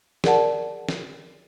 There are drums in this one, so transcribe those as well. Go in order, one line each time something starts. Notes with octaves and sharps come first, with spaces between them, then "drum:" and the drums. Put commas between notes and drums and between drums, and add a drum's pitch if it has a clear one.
G#4 A#4 D5 F#5 A5, drum: snare
drum: snare